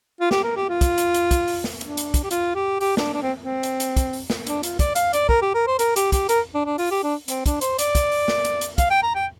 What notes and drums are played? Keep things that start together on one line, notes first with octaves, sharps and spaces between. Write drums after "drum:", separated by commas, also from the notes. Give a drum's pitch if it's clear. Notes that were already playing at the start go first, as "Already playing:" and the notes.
F4
G4, drum: snare
A#4
G4
F4
drum: kick, hi-hat
drum: hi-hat
drum: hi-hat
drum: kick, hi-hat
drum: open hi-hat
drum: snare
D4, drum: hi-hat
drum: hi-hat
drum: kick, hi-hat
G4
F4, drum: hi-hat
G4
G4, drum: open hi-hat
D4, drum: snare
D4
C4
C4
drum: hi-hat
drum: hi-hat
drum: kick, hi-hat
drum: open hi-hat
drum: snare
D4, drum: hi-hat
F4, drum: hi-hat
D5, drum: kick, hi-hat
F5, drum: hi-hat
D5, drum: hi-hat
A#4, drum: kick
G4
A#4
C5
A#4, drum: hi-hat
G4, drum: hi-hat
G4, drum: kick, hi-hat
A#4, drum: hi-hat
D4
D4
F4, drum: open hi-hat
G4
D4
C4, drum: hi-hat
D4, drum: kick, hi-hat
C5, drum: hi-hat
D5, drum: hi-hat
drum: kick, hi-hat
drum: open hi-hat
drum: snare
drum: hi-hat
drum: hi-hat
F5, drum: kick, hi-hat
G5
A#5
G5